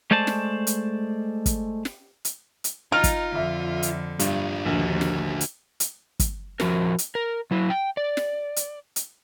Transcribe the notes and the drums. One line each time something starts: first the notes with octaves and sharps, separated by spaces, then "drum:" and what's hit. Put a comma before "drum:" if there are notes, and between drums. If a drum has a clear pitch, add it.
G#3 A3 C5 D5 A5
drum: snare
drum: hi-hat
drum: kick, hi-hat
drum: snare
drum: hi-hat
drum: hi-hat
D#4 F4 F6
drum: kick, hi-hat
F2 D3 E5
drum: hi-hat
G2 D4 F4, drum: hi-hat
A#1 D#2 D3 F3 F#4
drum: snare
drum: hi-hat
drum: hi-hat
drum: kick, hi-hat
F3 F#4 A#4, drum: snare
drum: hi-hat
A#4
F#3 E4
G5
D5
drum: snare
drum: hi-hat
drum: hi-hat